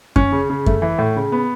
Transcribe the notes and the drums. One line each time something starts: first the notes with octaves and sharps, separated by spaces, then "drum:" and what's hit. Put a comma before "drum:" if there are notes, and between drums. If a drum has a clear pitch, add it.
C#4, drum: kick F#2
C#3
C#3
A3, drum: kick F#2
E3
A2
C#3
B3